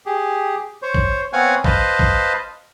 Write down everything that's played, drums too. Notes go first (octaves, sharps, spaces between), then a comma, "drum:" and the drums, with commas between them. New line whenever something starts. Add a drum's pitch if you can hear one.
G4 G#4
C5 C#5
drum: kick
B3 C4 C#5 F5 F#5 G#5
B4 C5 D#5 F5 A5, drum: kick
drum: kick